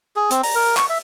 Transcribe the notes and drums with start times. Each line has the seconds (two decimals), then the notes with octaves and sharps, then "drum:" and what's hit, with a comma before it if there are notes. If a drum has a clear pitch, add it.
0.16 G#4
0.30 C4, drum: hi-hat
0.43 A#5, drum: open hi-hat
0.55 A#4
0.77 C#6, drum: clap
0.89 E5